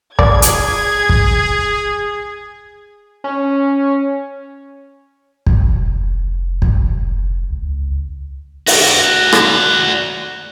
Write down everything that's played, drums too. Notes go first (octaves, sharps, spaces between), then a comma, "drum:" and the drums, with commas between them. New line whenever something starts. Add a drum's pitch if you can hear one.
G#4 D5 G#6, drum: kick
drum: hi-hat
drum: kick
C#4
F1, drum: kick
drum: kick
C#2
F#4 D5, drum: open hi-hat
drum: rim click